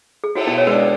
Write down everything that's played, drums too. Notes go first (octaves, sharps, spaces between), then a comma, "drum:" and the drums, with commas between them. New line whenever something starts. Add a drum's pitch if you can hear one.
G#4
F#4, drum: cymbal
B2 E4
C#5
G#3 D4 B4